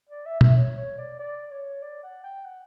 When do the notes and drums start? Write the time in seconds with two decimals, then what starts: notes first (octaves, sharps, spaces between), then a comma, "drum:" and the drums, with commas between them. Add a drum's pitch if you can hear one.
0.10 D5
0.26 E5
0.41 E5, drum: tom B2
0.56 C#5
0.78 C#5
0.98 D5
1.19 D5
1.51 C#5
1.82 D5
2.03 F#5
2.24 G5
2.45 F#5